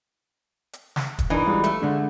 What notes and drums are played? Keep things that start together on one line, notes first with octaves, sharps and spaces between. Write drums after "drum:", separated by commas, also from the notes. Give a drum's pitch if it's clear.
drum: hi-hat
drum: snare
drum: kick, hi-hat
E3 D4 D#4 A#4
G3 G#3 F4
A3, drum: hi-hat
D3 G#3 D4